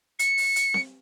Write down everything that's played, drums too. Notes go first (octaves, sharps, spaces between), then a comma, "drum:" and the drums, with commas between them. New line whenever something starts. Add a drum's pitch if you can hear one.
C#7, drum: hi-hat
drum: open hi-hat
drum: hi-hat
drum: snare C4